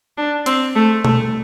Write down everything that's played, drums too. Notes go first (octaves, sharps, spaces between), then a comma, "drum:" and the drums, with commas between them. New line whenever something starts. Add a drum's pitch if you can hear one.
D4
C4, drum: hi-hat
A3
A3, drum: tom B2